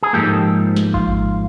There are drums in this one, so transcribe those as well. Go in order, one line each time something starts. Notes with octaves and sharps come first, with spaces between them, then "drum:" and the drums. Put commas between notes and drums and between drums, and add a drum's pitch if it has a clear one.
G#4
G#2 F3 A#3 G4 A4
drum: snare
F4, drum: kick G#1